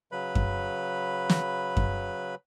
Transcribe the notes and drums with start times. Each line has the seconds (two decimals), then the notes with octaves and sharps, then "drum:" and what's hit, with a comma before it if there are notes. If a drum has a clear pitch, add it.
0.12 C#3 F#3 B4 B5
0.35 drum: kick F#2
1.30 drum: snare
1.77 drum: kick F#2